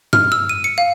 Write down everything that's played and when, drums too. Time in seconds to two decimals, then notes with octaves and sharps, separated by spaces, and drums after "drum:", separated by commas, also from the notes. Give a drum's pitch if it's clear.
0.13 F6, drum: tom
0.32 E6
0.49 D#7
0.64 C#7
0.78 F5